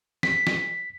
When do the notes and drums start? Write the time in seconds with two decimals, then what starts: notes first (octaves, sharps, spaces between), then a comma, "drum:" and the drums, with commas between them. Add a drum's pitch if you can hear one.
0.23 B6, drum: snare
0.47 drum: snare